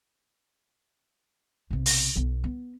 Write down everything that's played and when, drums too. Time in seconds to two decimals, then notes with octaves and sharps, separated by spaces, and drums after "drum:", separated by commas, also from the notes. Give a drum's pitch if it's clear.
1.71 B1 C3
1.86 drum: open hi-hat
2.16 B1 B3
2.44 B3